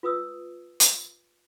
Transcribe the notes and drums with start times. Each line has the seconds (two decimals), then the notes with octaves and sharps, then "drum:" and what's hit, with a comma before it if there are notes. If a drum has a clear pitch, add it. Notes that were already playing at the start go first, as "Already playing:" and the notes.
0.03 F4 B4 D#6 E6
0.80 drum: hi-hat